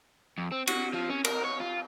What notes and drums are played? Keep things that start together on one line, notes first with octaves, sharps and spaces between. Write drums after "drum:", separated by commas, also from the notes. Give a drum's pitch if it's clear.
F2
C4
F#4, drum: cymbal
F3
C#4
A#4, drum: cymbal
C#5
F4